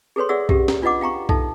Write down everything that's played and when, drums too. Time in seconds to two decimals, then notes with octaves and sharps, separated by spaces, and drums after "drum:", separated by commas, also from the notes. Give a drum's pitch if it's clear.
0.16 G#4 A4 B4 C#5 C6
0.29 G#4 C#5 D5 E5 F#5 E6
0.49 C#4 G4 E5, drum: kick B1
0.68 drum: snare
0.82 D4 F4 B4 D#5 F#5 D6
1.01 F5 G5 A#5 C#6
1.29 D#4 A4 E5 A5, drum: kick B1